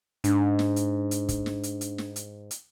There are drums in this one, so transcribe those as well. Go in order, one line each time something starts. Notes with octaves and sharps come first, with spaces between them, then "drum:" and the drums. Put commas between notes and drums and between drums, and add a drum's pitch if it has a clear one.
G#2 D4, drum: hi-hat
drum: snare
drum: hi-hat
drum: hi-hat
drum: kick, hi-hat
drum: snare
drum: hi-hat
drum: hi-hat
drum: snare
drum: hi-hat
drum: hi-hat